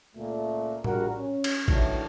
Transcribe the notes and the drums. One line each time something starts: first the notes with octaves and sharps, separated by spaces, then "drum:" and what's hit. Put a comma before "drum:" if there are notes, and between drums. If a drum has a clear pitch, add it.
C#2 A#2 A3
A#1 G3 F#4 A#4, drum: tom A2
C#4
drum: cymbal
A2 D#3 E3 F#3 D4, drum: kick